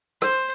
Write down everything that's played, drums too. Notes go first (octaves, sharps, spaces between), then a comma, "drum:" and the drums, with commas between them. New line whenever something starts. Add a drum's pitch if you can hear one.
C5, drum: rim click